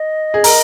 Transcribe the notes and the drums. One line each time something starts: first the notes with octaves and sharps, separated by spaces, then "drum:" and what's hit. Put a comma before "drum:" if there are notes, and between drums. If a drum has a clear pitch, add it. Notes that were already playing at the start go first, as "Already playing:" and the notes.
Already playing: D#5
G#4
A#4, drum: open hi-hat